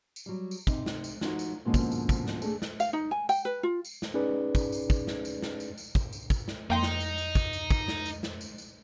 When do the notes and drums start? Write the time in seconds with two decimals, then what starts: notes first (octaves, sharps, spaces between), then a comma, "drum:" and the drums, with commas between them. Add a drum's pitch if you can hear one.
0.16 drum: tambourine
0.26 F#3 G3
0.51 drum: tambourine
0.67 C3 D#4, drum: kick, tambourine
0.86 drum: snare
1.04 drum: tambourine
1.21 F3 D#4 F#4 F#5, drum: snare
1.39 drum: tambourine
1.65 G#2 B2 D3 F3 A#3 C#4
1.74 drum: kick, tambourine
1.92 drum: tambourine
2.09 drum: kick, tambourine
2.27 drum: snare
2.42 A3 D4 G#4 A4, drum: tambourine
2.62 drum: snare
2.80 F5, drum: tambourine
2.93 D#4
3.11 G#5
3.29 G5, drum: tambourine
3.45 B4
3.63 F4
3.85 drum: tambourine
4.02 drum: snare
4.14 C#4 D#4 G#4 B4 D5
4.55 drum: kick, tambourine
4.72 drum: tambourine
4.90 drum: kick, tambourine
5.07 drum: snare
5.25 drum: tambourine
5.42 drum: snare
5.60 drum: tambourine
5.78 drum: tambourine
5.95 drum: kick, tambourine
6.13 drum: tambourine
6.30 drum: kick, tambourine
6.48 drum: snare
6.70 F2 A#3 D#4 G5 C6
6.83 drum: snare
7.00 drum: tambourine
7.18 drum: tambourine
7.35 drum: kick, tambourine
7.53 drum: tambourine
7.71 drum: kick, tambourine
7.88 drum: snare
8.06 drum: tambourine
8.23 drum: snare
8.41 drum: tambourine
8.58 drum: tambourine